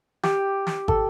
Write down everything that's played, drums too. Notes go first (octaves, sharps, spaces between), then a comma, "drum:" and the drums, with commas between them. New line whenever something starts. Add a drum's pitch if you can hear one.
G4, drum: snare
drum: snare
A4, drum: kick